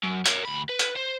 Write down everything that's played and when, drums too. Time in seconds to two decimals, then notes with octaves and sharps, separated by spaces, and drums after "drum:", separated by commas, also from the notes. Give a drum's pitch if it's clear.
0.04 F#2
0.26 A#4 C#5, drum: hi-hat
0.45 D2 B5
0.69 B4
0.79 drum: hi-hat
0.96 C5